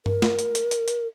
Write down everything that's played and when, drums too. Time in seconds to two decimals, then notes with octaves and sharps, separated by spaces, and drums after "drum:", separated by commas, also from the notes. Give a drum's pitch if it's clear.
0.06 A#4, drum: tom G2
0.22 drum: snare
0.39 drum: hi-hat
0.55 drum: hi-hat
0.71 drum: hi-hat
0.88 drum: hi-hat